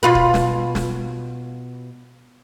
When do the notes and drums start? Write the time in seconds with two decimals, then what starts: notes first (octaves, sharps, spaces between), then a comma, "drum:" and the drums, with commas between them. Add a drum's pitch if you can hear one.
0.03 B2 F4 B4
0.15 drum: kick
0.34 drum: snare
0.75 drum: snare